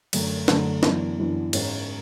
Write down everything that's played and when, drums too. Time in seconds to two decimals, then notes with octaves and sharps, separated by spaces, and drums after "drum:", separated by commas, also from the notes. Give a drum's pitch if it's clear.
0.13 F#2 D3 A3, drum: cymbal
0.48 F#2 D3 A3, drum: snare
0.83 F#2 E3 B3 D4, drum: snare
1.18 F#2 E3 B3 D4
1.53 G#2 G#3 C#4, drum: cymbal